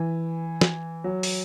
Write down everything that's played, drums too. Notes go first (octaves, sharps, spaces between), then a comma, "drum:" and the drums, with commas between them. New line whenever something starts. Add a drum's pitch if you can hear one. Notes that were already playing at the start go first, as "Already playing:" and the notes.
Already playing: E3
drum: snare
F#3
drum: open hi-hat